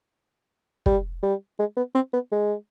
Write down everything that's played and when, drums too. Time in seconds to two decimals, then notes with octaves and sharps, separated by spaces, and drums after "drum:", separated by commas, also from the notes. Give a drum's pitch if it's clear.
0.86 G3, drum: kick
1.23 G3
1.59 G#3
1.77 B3
1.95 C4
2.13 B3
2.32 G#3